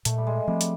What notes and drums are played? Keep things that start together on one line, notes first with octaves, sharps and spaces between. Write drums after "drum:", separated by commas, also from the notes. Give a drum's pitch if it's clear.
A#2 A3, drum: hi-hat
G3
G#3
F3 G3 A3 C4
drum: hi-hat